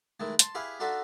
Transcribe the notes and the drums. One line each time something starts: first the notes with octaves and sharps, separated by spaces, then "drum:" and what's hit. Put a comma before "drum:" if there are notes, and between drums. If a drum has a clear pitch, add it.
D#3 E3 G#3 A3
A5 C6, drum: hi-hat
E4 G4 G#4 B4 F5
D4 D#4 F4 F#4 A4 E5